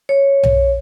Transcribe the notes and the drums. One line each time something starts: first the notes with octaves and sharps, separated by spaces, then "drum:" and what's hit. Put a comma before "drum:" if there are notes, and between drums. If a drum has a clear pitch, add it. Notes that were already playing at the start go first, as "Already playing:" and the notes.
C#5
drum: tom B1